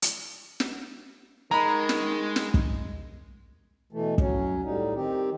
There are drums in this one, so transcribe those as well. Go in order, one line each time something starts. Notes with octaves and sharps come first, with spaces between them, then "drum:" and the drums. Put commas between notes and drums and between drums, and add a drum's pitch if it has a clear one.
drum: hi-hat
drum: snare
D#3 G#3 A#5 B5
drum: snare
drum: snare
drum: kick
B2 E3 A3
F#3 C#4, drum: kick
A2 G3 D#4
D#3 C4 G4